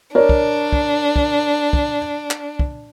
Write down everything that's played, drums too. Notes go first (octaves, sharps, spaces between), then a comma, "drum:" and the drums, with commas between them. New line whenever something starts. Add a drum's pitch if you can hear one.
D4 A#4 C#5 D5
drum: kick
drum: kick
drum: kick
drum: kick
drum: clap
drum: kick